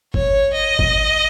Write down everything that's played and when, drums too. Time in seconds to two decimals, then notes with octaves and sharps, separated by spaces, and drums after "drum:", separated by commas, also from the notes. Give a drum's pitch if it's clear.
0.14 C#5, drum: kick G1
0.54 D#5
0.79 drum: kick G1